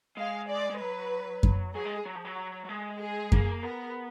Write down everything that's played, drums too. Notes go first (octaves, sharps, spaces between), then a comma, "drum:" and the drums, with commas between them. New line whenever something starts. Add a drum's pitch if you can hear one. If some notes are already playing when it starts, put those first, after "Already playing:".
G#3 F5
D5
G#3
F#3 B4
drum: kick F#2
F#3 G#4
G#3
F#3
F3
F#3
F#3
G#3
G#4
A#3, drum: kick F#2
B3 A#4